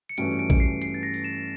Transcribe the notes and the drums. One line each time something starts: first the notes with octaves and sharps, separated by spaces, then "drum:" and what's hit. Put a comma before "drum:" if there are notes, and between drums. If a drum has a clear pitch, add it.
C#7
G2 E3 A3 C#4 F#4 D7, drum: hi-hat
D7
drum: kick A#1, hi-hat
C7
C7, drum: hi-hat
A6
A#6
drum: open hi-hat
E7